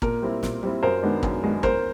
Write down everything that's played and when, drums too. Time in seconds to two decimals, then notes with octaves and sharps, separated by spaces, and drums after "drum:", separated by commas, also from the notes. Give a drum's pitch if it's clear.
0.02 A#2 A#4, drum: kick
0.22 G3 C4 E4
0.43 A#2, drum: snare
0.63 G3 C4 E4
0.83 F#2 A#4 C5
1.03 D#3 G#3 B3 D4
1.23 F#2, drum: kick
1.43 D#3 G#3 B3 D4
1.63 E2 A#4 C5, drum: kick